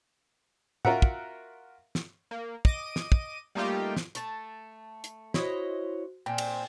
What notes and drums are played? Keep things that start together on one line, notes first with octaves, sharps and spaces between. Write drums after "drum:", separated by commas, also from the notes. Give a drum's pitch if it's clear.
F4 F#4 A#4 E5 F#5, drum: tom
drum: kick
drum: snare
A#3
D#5 D6 D#7, drum: kick
drum: snare
drum: kick
G3 A3 A#3 D#4 F4 G4
drum: snare
A3 A5, drum: hi-hat
drum: hi-hat
E4 F#4 C5 C#5 D#5, drum: snare
A#2 C4 G5 G#5
drum: cymbal